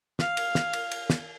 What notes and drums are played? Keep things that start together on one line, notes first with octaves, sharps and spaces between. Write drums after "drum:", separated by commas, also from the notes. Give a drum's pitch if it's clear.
F5, drum: snare
drum: cymbal
drum: snare
drum: cymbal
drum: cymbal
drum: snare